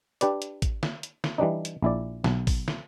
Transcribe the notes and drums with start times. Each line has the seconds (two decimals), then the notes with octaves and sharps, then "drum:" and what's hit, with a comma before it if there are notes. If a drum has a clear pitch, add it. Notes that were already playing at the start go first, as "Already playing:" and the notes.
0.21 D4 G4 B4 D5, drum: hi-hat
0.42 drum: hi-hat
0.62 drum: kick, hi-hat
0.83 drum: snare
1.03 drum: hi-hat
1.24 drum: snare
1.38 E3 G3 D4 D#4
1.65 drum: hi-hat
1.82 A#1 E4 D5
2.24 B1, drum: snare
2.47 drum: kick, open hi-hat
2.68 drum: snare